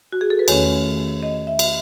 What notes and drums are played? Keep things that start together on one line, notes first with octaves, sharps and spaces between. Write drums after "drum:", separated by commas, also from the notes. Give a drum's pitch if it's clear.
F#4
G#4
A4
B4
E2 D#3 A3 C#4 C#5, drum: cymbal
D#5
E5
drum: cymbal